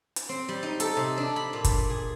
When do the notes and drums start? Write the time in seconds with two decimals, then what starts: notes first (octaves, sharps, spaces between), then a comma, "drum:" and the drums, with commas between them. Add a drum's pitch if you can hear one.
0.16 drum: hi-hat
0.29 C4
0.48 G3
0.63 D#4
0.80 A4, drum: hi-hat
0.97 C3
1.18 D4
1.36 B5
1.53 A#2
1.64 drum: kick, hi-hat
1.89 G#4